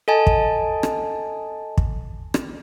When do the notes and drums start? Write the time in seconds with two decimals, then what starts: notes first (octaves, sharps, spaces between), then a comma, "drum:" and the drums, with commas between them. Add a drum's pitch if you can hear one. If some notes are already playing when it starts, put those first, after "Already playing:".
0.08 A4 D#5 G#5 A5
0.27 drum: kick
0.83 drum: rim click
1.78 drum: kick
2.34 drum: rim click